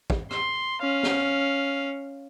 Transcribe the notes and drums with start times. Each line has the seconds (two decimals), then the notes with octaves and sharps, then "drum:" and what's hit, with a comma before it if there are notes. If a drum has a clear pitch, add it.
0.10 drum: kick
0.31 C6, drum: rim click
0.82 C#4 F5
1.03 drum: snare